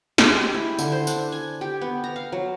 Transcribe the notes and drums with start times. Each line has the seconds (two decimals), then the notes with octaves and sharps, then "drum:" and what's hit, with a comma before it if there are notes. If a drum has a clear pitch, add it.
0.18 G#3, drum: snare
0.36 G4
0.54 E4
0.79 D3, drum: tambourine
0.92 C5
1.07 D4, drum: tambourine
1.32 G#5
1.61 G4
1.81 B3
2.04 A#5
2.16 F5
2.32 F#3